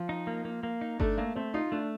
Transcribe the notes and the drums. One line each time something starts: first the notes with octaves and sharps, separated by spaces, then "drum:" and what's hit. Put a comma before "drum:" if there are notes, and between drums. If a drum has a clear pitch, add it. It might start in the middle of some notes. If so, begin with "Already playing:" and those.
Already playing: F3
D#4
A#3
A#3
A#3
D#4
A3 D4, drum: kick G1
A3 A#3
A3 C4
D#4 F4
A3 D4